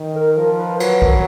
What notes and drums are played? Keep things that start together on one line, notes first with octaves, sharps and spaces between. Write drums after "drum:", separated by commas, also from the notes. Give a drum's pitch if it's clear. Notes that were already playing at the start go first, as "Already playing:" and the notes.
Already playing: D#3
A#4
F3 A#4
B4
F#3 B4, drum: cymbal
A#4, drum: kick C2
B4